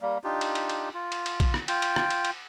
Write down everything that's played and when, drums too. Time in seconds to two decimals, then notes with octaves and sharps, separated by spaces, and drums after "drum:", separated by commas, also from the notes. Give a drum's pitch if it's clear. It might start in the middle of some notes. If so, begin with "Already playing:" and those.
0.01 G3 A#3
0.24 D4 D#4 F4 G4
0.41 drum: cymbal
0.55 drum: cymbal
0.69 drum: cymbal
0.94 F4
1.12 drum: cymbal
1.26 drum: cymbal
1.40 drum: kick A#1, cymbal
1.54 drum: rim click
1.68 F4 G5, drum: cymbal
1.82 drum: cymbal
1.96 drum: rim click
2.10 drum: cymbal
2.25 drum: cymbal